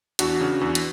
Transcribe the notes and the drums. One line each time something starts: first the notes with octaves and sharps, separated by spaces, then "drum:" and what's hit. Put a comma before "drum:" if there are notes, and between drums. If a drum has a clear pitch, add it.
E2 D4 F#4, drum: hi-hat
C#3
E2
drum: hi-hat